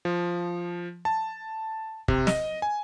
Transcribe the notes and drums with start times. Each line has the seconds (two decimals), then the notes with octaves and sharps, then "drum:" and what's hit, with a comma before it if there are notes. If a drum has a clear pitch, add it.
0.05 F3
1.05 A5
2.08 C3, drum: kick
2.27 D#5, drum: snare
2.62 G#5